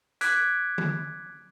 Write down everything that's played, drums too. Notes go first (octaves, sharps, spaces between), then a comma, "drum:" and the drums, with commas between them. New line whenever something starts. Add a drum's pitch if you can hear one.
D6 F#6 G#6 B6 D7, drum: hi-hat
drum: tom D3